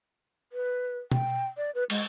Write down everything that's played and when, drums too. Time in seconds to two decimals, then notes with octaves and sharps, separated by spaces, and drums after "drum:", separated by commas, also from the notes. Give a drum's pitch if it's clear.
0.52 B4
1.12 G5, drum: tom B2
1.57 D5
1.75 B4
1.90 G#3, drum: cymbal